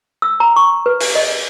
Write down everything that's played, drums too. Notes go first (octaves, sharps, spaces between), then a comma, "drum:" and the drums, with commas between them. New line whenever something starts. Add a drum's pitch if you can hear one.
E6
A#5
C#6
B4
drum: open hi-hat
D#5